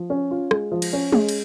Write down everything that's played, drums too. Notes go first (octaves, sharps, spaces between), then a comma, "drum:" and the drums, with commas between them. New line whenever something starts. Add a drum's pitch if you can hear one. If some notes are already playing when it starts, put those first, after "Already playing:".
Already playing: F3
C#4
F4
G#3, drum: rim click
F3
drum: cymbal
C#4
G#3, drum: tom G#3
drum: cymbal